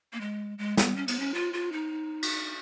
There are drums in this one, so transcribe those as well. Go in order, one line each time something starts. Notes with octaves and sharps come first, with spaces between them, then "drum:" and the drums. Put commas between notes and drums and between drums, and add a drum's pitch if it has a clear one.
A#3
G#3
G#3
B3, drum: snare
C#4
B3, drum: cymbal
C#4
F4
F4
D#4
drum: cymbal